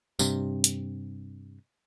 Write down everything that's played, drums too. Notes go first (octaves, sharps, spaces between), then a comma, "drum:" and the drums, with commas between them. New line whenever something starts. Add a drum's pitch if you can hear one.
G2 C3, drum: tambourine
drum: hi-hat